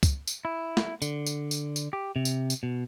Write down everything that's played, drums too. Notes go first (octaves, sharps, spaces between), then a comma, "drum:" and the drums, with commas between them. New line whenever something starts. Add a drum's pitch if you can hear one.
drum: kick, tambourine
drum: tambourine
E4
drum: snare
D3, drum: tambourine
drum: tambourine
drum: tambourine
drum: tambourine
G4
C3
drum: tambourine
drum: tambourine
B2